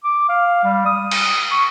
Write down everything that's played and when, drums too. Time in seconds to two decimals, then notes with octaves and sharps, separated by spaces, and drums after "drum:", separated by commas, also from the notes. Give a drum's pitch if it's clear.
0.04 D6
0.29 F5
0.64 G3
0.86 D#6
1.11 drum: cymbal
1.51 C#6